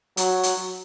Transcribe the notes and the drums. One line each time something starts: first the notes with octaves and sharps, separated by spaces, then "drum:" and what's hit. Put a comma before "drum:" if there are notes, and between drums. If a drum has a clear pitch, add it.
F#3, drum: hi-hat
drum: hi-hat